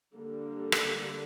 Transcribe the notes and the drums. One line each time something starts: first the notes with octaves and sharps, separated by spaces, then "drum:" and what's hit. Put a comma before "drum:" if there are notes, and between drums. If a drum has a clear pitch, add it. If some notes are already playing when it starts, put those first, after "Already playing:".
D3 G3 A#3
drum: rim click